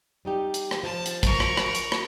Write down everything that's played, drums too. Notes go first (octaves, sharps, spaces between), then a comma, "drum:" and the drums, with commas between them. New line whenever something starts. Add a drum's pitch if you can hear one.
G3 D#4 G4
drum: hi-hat
drum: rim click
F3 A5
drum: hi-hat
A#4 C#6, drum: kick, hi-hat
drum: rim click
drum: rim click
drum: hi-hat
drum: rim click